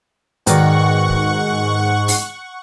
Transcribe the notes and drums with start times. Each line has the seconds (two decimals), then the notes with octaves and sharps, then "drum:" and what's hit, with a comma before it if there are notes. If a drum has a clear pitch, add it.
0.47 G#2 B2 D#3 D5 F#5 C#6, drum: hi-hat
1.09 drum: kick
2.08 drum: open hi-hat